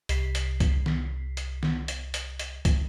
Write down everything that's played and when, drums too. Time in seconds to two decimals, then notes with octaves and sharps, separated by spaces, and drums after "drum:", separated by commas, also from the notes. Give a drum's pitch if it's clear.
0.09 C2 B6 C7, drum: hi-hat
0.35 drum: hi-hat
0.60 drum: kick, hi-hat
0.86 drum: snare
1.37 drum: hi-hat
1.63 drum: snare
1.88 drum: hi-hat
2.14 drum: hi-hat
2.39 drum: hi-hat
2.65 drum: kick, hi-hat